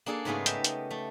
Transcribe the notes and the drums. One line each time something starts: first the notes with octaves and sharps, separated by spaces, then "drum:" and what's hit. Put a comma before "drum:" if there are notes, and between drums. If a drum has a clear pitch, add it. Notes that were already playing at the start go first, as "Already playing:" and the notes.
A#3 D4 G#4 A4
G#2 C#3 A3 B3 G#4 F5
G4 D#5 E5 G5, drum: hi-hat
drum: hi-hat
A3